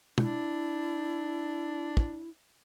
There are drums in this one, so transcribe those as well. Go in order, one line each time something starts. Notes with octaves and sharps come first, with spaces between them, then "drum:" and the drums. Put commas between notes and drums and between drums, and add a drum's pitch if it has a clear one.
D4 E4, drum: tom
drum: kick